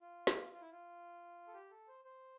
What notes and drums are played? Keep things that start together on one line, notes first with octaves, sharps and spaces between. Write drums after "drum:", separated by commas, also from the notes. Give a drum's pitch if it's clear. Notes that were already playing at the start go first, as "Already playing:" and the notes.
F4
drum: snare
F4
E4
F4
A4
G4
A4
C5
C5